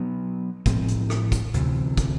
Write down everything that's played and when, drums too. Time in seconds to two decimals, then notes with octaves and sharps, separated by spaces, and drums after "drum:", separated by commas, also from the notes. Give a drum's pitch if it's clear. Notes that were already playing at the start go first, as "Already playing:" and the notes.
Already playing: B2 F#3 B3
0.66 A2 F3 G#3 C4, drum: kick, hi-hat
0.88 drum: hi-hat
1.10 drum: rim click
1.32 drum: kick, hi-hat
1.54 D2 C3 E3, drum: hi-hat
1.97 drum: kick, hi-hat